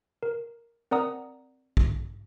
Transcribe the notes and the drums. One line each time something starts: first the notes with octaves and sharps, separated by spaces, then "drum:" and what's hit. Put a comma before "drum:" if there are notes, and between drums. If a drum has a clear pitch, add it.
A#4
C4 A#4 D5 F#5 A#5 D#6
drum: kick